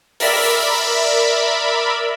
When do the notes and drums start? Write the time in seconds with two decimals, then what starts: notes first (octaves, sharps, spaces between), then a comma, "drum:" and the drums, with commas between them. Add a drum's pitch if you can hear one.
0.20 A#4 D5 E5 B5, drum: open hi-hat